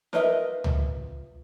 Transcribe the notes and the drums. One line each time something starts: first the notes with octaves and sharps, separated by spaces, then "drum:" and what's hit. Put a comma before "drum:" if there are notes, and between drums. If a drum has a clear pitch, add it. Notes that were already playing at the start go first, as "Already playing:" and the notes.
F4 A#4 B4 D#5 E5, drum: snare
drum: tom C#2